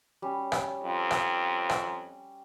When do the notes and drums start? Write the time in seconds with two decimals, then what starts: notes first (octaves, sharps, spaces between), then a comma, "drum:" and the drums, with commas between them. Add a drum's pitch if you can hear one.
0.22 G3 C#4
0.52 drum: rim click
0.83 F2
1.11 drum: rim click
1.69 drum: rim click